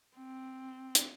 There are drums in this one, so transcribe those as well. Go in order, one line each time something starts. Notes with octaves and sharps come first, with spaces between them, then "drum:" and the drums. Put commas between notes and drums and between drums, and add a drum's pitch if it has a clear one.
C4
drum: hi-hat